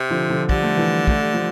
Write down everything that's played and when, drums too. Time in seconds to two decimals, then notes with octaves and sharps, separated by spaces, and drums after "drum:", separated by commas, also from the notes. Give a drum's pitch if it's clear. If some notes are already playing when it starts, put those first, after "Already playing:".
Already playing: C3
0.10 D3 F3
0.30 D3 F3
0.49 D3 G3, drum: kick
0.63 A3
0.77 E3 G3
1.07 A3, drum: kick
1.20 G3
1.33 F3 A3